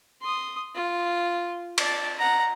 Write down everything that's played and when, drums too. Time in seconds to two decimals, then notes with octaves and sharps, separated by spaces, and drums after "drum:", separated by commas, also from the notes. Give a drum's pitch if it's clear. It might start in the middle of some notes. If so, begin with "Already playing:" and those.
0.21 C6 D#6
0.75 F4
1.78 D5 A5, drum: cymbal
2.18 F#5 A#5